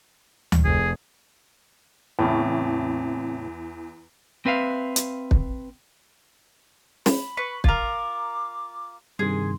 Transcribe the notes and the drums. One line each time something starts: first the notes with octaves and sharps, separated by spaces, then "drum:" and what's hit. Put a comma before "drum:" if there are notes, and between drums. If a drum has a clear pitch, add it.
drum: tom D2
F1 G#4
E2 A2 C#3 C4
C4 B4 E5 F5
drum: hi-hat
drum: kick
B5, drum: snare
B4 C#6
F4 A#4 D6, drum: kick
G2 C3 D#3 G#4 C6